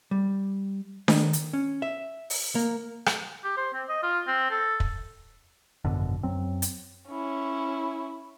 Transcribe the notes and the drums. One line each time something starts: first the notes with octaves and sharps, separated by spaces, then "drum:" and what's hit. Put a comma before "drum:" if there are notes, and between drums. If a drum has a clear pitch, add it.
G3
D#3, drum: snare D4
drum: hi-hat
C#4
E5
drum: open hi-hat
A#3
drum: rim click
G4
C5
C4
D#5
F4
C4
A4
drum: kick
G#1 F#2 B2 D3
F#2 F#3 C4
drum: hi-hat
C#4 E4